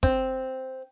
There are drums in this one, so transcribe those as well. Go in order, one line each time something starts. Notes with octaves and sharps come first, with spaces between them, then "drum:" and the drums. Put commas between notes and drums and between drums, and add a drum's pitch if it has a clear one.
C4, drum: kick